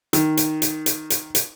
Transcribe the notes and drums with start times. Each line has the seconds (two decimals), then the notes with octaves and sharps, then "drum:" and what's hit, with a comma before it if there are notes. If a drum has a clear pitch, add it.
0.13 D#3, drum: hi-hat
0.37 drum: hi-hat
0.62 drum: hi-hat
0.86 drum: hi-hat
1.10 drum: hi-hat
1.35 drum: hi-hat